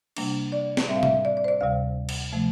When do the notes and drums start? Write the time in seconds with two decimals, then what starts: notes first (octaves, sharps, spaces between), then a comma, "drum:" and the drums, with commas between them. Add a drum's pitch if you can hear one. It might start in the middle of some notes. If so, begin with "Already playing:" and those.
0.16 C3 G3 A#3 D4, drum: cymbal
0.52 D5
0.77 drum: snare
0.88 A2 G3 C4 E5
0.96 F5
1.03 E5, drum: tom C3
1.15 E5
1.25 D5
1.37 D5
1.44 C5
1.48 D5
1.61 D2 C3 G3 F5
2.09 drum: cymbal
2.33 C3 F3 A3